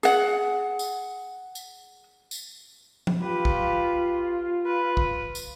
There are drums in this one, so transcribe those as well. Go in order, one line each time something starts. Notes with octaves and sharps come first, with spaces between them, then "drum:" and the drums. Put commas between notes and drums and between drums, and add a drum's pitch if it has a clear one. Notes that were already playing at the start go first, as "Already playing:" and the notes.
G#4 F#5, drum: tambourine
drum: tambourine
drum: tambourine
drum: tambourine
drum: tom F3
F4 G4 B4
drum: kick
B4
drum: kick
drum: tambourine